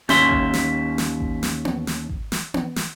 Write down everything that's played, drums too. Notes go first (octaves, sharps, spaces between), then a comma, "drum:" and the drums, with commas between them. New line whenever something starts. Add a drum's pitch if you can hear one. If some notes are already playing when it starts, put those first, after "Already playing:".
D#2 C#4 E5 C6, drum: snare
drum: kick G#1
drum: snare
drum: snare
drum: kick G#1
drum: snare
drum: tom B3
drum: snare
drum: kick G#1
drum: snare
drum: tom B3
drum: snare